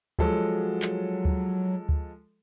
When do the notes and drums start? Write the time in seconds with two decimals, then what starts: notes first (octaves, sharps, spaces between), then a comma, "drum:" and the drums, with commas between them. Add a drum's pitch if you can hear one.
0.19 F3 F#3 G#3 A4, drum: kick D2
0.82 drum: clap
1.25 drum: kick D2
1.89 drum: kick D2